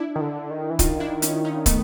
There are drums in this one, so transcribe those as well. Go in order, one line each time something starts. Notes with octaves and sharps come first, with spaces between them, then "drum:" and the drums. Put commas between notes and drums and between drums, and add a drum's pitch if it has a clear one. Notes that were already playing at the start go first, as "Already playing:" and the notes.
Already playing: D4 E4
D#3
D3
D#3
E3
D#3 D#4 F4, drum: kick, hi-hat
D4 E4
C#4 D#4, drum: hi-hat
C#4 D#4
A3 B3, drum: kick, hi-hat